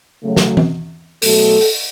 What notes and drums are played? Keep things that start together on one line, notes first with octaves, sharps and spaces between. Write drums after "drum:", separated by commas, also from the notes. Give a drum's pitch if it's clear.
C#3 F#3 A3
drum: snare
drum: tom E3
B2 F#3 A3 A4, drum: open hi-hat
drum: open hi-hat